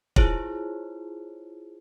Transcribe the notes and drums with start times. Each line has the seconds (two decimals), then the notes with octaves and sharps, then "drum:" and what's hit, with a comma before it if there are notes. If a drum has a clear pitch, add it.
0.16 E4 F4 G#4 C5 C#5, drum: kick